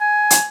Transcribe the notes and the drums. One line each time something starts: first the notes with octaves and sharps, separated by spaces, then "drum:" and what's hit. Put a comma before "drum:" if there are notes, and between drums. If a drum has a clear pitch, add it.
G#5
drum: hi-hat